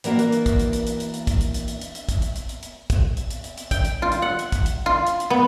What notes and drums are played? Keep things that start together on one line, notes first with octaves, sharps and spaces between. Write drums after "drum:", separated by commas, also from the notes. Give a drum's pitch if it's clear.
E3 A#3 D4 F#4 A#4, drum: hi-hat
drum: hi-hat
drum: hi-hat
drum: kick, hi-hat
drum: hi-hat
drum: hi-hat
drum: hi-hat
drum: hi-hat
drum: hi-hat
drum: kick, hi-hat
drum: hi-hat
drum: hi-hat
drum: hi-hat
drum: hi-hat
drum: hi-hat
drum: kick, hi-hat
drum: hi-hat
drum: hi-hat
drum: hi-hat
drum: hi-hat
drum: kick, hi-hat
drum: hi-hat
drum: hi-hat
drum: hi-hat
drum: hi-hat
G5, drum: kick, hi-hat
drum: hi-hat
F4
drum: hi-hat
F#5
drum: hi-hat
drum: kick, hi-hat
drum: hi-hat
F4
drum: hi-hat
drum: hi-hat
B3